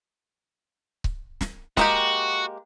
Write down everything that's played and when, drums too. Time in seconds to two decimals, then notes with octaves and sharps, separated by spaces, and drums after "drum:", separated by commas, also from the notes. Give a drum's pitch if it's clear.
1.04 drum: kick C#1
1.41 drum: snare
1.77 G#3 A#3 F#4 G4, drum: snare